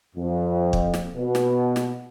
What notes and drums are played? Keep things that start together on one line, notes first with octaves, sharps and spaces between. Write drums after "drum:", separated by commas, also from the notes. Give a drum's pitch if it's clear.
F2
drum: kick
drum: snare
B2
drum: snare
drum: snare